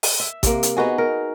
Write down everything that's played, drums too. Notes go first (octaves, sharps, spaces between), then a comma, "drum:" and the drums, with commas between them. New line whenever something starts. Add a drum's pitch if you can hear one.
drum: open hi-hat
E5
C3 A#3, drum: kick A1, hi-hat
drum: hi-hat
B3 D#4 F#4 G#4
A#4